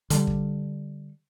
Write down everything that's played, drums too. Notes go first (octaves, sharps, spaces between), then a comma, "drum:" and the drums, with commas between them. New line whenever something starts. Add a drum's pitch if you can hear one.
D3 G3, drum: hi-hat
drum: kick